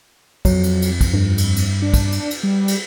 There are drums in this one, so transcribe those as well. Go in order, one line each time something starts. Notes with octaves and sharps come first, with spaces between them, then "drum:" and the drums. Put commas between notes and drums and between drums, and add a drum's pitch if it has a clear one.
F2 F#3, drum: kick, cymbal
drum: cymbal
drum: cymbal
drum: kick, cymbal
G2
drum: cymbal
drum: cymbal
D4
drum: kick, cymbal
drum: cymbal
drum: cymbal
G3
drum: cymbal